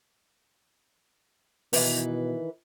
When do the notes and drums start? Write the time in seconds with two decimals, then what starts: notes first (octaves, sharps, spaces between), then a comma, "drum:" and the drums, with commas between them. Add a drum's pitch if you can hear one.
1.73 B2 D#3 E3 B4, drum: open hi-hat